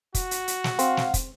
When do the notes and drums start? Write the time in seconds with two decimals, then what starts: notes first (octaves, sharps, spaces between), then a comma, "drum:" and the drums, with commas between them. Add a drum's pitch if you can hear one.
0.15 F#4, drum: kick, hi-hat
0.31 drum: hi-hat
0.48 drum: hi-hat
0.64 drum: snare
0.79 C4 F5 F#5, drum: hi-hat
0.97 drum: snare
1.14 drum: kick, hi-hat